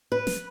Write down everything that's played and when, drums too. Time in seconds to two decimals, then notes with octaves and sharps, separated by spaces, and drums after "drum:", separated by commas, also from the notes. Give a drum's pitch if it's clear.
0.12 B4
0.27 drum: snare